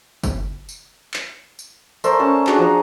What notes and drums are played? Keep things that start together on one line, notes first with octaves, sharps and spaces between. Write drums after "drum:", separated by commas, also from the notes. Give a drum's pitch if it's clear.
drum: kick, tambourine
drum: tambourine
drum: clap
drum: tambourine
A3 A#4 C5 D5, drum: tambourine
C#4 A5
D4 F#4 G#4, drum: clap
F3 A#5